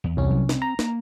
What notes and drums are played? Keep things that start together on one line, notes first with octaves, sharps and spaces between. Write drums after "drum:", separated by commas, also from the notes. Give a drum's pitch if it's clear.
E2
C2 C#4
F#3
C4, drum: snare
A#5
A#3, drum: snare